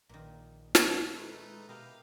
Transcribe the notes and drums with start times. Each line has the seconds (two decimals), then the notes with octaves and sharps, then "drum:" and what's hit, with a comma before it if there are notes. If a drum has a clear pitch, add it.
0.09 A#1 A#2 D#3
0.75 drum: snare
1.15 G#3 A3 D#4 B4
1.69 B2 E4 G4 A#4 B4 D#5 F5